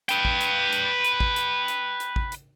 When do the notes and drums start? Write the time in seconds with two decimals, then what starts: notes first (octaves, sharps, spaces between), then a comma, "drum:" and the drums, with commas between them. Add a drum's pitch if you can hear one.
0.09 B4 G5, drum: hi-hat
0.25 drum: kick
0.41 drum: hi-hat
0.73 drum: hi-hat
1.04 drum: hi-hat
1.20 drum: kick
1.36 drum: hi-hat
1.68 drum: hi-hat
2.00 drum: hi-hat
2.16 drum: kick
2.32 drum: hi-hat